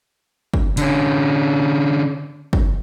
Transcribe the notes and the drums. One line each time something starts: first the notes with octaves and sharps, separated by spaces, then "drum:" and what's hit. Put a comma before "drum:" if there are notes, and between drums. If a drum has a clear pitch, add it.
drum: kick
D3 C#4, drum: hi-hat
drum: kick